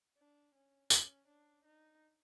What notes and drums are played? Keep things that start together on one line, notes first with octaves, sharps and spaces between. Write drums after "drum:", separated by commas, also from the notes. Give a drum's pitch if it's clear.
D4
C#4
C#4, drum: tambourine
D4
D#4